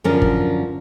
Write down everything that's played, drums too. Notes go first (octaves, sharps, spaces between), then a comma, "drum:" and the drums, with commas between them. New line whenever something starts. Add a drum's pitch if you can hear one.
F#2 D3 F3 C#4 A#4
drum: kick G1